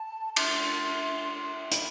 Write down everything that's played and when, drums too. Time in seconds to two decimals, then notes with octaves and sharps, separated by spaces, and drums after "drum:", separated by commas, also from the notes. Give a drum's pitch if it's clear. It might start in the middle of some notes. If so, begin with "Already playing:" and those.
Already playing: A5
0.36 C6, drum: cymbal
1.72 B5, drum: hi-hat